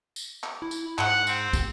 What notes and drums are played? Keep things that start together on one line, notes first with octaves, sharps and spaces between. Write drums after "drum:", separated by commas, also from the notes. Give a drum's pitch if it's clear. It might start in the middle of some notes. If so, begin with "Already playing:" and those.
drum: tambourine
drum: clap
E4
drum: tambourine
G#2 F#5, drum: clap
C4, drum: tambourine
drum: kick, tambourine